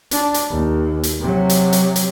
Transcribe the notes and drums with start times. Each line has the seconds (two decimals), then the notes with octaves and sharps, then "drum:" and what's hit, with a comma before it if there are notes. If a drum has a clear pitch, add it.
0.11 D4, drum: hi-hat
0.34 drum: hi-hat
0.49 D#2
1.03 drum: hi-hat
1.20 C3 F#3
1.50 drum: hi-hat
1.73 drum: hi-hat
1.96 drum: hi-hat